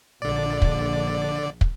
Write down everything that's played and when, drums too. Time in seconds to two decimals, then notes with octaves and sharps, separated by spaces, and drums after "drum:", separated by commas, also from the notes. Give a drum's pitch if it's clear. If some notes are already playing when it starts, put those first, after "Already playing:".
0.22 A#1 D3 D5
0.62 drum: kick
1.61 drum: kick